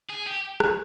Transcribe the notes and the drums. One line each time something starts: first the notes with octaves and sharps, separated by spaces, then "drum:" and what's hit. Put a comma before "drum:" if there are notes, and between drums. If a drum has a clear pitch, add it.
G#4
G4
drum: rim click